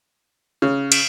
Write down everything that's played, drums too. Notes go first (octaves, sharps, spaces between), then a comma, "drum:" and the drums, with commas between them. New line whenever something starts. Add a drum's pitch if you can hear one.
C#3
drum: cymbal